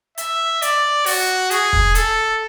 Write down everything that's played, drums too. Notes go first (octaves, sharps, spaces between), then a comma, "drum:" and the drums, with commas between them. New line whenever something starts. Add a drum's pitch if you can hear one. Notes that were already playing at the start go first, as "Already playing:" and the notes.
E5, drum: hi-hat
D5, drum: hi-hat
F#4, drum: open hi-hat
G#4, drum: hi-hat
drum: kick
A4, drum: hi-hat